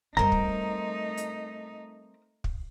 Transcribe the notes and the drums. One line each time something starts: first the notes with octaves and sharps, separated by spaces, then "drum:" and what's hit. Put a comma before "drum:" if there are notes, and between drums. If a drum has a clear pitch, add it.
G3 A3 C4 D#4 A#4 C5 A#5, drum: tom F#2
drum: kick
drum: hi-hat
drum: kick